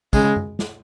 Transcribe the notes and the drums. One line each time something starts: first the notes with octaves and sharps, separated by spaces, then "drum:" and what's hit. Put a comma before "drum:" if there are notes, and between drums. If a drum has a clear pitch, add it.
C#3 G#3, drum: kick, tambourine
drum: tom F#2
drum: snare